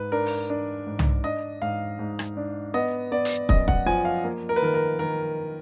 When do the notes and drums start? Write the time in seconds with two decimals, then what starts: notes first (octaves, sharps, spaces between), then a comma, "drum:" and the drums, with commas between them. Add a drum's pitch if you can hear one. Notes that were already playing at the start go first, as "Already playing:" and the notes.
Already playing: G#2 B4
0.12 D4 A#4
0.26 drum: open hi-hat
0.50 D4
0.87 G#2
0.99 drum: tom
1.24 D4 D#5
1.62 G#2 F5
1.99 G#2
2.19 drum: rim click
2.37 D4
2.74 B3 D#5
3.12 B3 D5
3.25 drum: hi-hat
3.49 F#2 D#5, drum: kick
3.68 F#5, drum: kick
3.86 F3 G#5
4.05 F5
4.24 A#3
4.49 A#4
4.56 B4
4.62 D#3 A#4
4.74 A#4
4.99 D#3 A#4